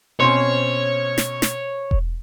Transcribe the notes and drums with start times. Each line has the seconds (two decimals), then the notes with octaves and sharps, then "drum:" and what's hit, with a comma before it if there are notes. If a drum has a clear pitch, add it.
0.20 B2 C4 C#4 C5 C#5
1.18 drum: snare
1.42 drum: snare
1.91 drum: kick E1